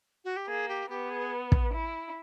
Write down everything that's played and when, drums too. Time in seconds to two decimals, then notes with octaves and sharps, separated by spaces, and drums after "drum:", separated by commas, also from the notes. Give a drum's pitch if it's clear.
0.25 F#4
0.36 G4
0.48 A#3 G#4
0.68 G4
0.90 B3 G4
1.10 G#4
1.52 drum: kick
1.73 E4